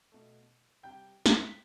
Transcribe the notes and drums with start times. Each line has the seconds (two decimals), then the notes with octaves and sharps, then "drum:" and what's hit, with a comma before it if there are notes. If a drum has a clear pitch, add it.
0.12 B2 A3
0.83 C3 G3 G5 G6
1.26 drum: snare
1.46 B6